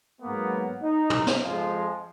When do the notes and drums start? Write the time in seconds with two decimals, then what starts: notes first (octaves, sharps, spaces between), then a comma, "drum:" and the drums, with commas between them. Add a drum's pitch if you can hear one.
0.21 G#2 F#3 A#3 B3
0.83 D#4
1.10 drum: tom
1.27 drum: snare
1.43 F2 F3 G#3 F4